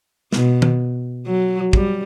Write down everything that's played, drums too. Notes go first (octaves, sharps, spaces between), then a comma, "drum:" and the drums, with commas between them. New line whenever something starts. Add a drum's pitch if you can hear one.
B2, drum: snare
drum: tom D#3
F#3
G3, drum: kick